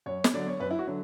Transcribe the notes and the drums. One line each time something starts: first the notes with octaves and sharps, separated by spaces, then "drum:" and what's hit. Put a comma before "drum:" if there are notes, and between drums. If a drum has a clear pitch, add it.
F#2 C#5
drum: snare
D3 F#3 D5
C#5
F#2 B4
E4
F#4
D3 F#3